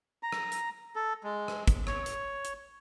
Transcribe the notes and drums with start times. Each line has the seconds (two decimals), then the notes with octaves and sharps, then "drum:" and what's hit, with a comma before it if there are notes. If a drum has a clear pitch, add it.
0.23 A#5
0.32 drum: rim click
0.52 drum: hi-hat
0.96 A4
1.24 G#3
1.48 drum: rim click
1.68 drum: kick, hi-hat
1.87 C#5, drum: rim click
2.06 drum: hi-hat
2.45 drum: hi-hat